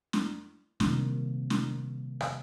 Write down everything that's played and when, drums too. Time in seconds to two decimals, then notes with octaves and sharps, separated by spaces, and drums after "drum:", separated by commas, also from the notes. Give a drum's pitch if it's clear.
0.13 drum: snare
0.80 C3 D#3 G3 A#3, drum: snare
1.50 drum: snare
2.21 drum: rim click